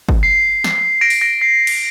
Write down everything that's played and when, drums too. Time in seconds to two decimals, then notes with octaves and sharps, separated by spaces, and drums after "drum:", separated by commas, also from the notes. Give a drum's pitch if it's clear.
0.09 drum: kick
0.23 C7
0.64 drum: snare
1.01 A#6 D7
1.10 drum: open hi-hat
1.21 A#6 D7
1.41 C7
1.67 drum: cymbal